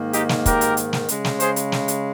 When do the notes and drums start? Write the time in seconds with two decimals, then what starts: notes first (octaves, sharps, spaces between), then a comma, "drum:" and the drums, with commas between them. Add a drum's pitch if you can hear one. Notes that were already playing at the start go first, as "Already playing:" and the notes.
Already playing: G#2 D#3 A#3
0.13 D#4 G4, drum: hi-hat
0.29 drum: snare
0.46 G4 A#4, drum: kick, hi-hat
0.61 drum: hi-hat
0.77 drum: hi-hat
0.93 drum: snare
1.09 C#3 G#3, drum: hi-hat
1.25 drum: snare
1.40 G#4 C5, drum: hi-hat
1.56 drum: hi-hat
1.72 drum: snare
1.88 drum: hi-hat